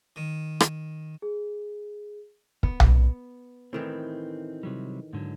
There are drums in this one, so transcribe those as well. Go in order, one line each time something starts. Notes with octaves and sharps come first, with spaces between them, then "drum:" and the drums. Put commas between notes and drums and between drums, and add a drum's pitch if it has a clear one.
D#3
drum: rim click
G#4
B3, drum: kick
drum: tom B1
A2 D#3 E3 C4
C3 F#3 G3
G#2 D3 F#3